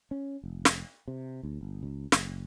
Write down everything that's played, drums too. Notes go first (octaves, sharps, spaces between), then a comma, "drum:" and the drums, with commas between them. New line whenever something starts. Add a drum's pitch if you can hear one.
C#4
F1
drum: snare
C3
D2
G1
C#2
F#1, drum: snare